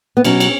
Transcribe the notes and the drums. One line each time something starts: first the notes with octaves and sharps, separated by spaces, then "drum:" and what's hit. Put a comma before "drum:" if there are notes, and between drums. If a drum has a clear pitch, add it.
B3
B2 F#3 C#4, drum: cymbal
drum: cymbal